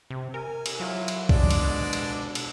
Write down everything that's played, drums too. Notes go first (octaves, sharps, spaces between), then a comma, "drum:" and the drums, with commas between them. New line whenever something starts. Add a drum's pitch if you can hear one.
C3
A#4 G#5
drum: cymbal
F#3 E4 F4
drum: cymbal
G#3 D4 D5, drum: kick B1
drum: cymbal
B2
drum: cymbal
drum: cymbal